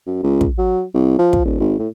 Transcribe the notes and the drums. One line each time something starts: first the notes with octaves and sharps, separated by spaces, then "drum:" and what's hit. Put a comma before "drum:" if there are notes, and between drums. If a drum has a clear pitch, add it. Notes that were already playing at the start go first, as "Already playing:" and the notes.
F#2
C#2
drum: kick
F#3
C2
F3
drum: kick
D#1
G#1
A2